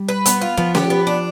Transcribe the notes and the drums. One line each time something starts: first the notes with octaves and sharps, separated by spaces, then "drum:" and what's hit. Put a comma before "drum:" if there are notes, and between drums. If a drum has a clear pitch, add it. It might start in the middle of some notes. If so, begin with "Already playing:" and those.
Already playing: G3
B4
B3, drum: hi-hat
F4
F3 B3
G4, drum: snare C#4
B3
D4